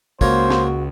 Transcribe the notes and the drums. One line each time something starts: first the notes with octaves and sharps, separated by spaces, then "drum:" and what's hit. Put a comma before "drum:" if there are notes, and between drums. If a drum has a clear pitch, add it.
C#2 A#3 F#4 C5 C#5 A#5, drum: kick
drum: snare